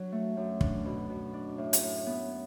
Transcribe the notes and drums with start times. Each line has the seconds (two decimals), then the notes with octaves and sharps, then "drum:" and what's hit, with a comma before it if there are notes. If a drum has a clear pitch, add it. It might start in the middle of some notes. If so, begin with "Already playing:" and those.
Already playing: F#3 D4
0.12 A3
0.37 F#2
0.61 D4, drum: kick
0.85 B2
1.10 B2
1.33 D4
1.58 A2
1.73 drum: hi-hat
1.83 A2
2.07 B3